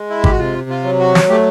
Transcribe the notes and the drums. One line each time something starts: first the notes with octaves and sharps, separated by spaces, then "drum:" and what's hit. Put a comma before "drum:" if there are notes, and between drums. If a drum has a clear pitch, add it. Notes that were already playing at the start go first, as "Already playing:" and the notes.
Already playing: G#3
E4
G4, drum: kick
F#4
C3 F4
F4
F#3
F#4
drum: snare
A3 G4